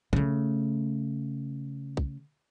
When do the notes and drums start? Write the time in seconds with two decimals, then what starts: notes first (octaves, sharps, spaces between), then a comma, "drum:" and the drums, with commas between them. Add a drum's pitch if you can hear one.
0.13 C#3 A3, drum: kick
1.97 drum: kick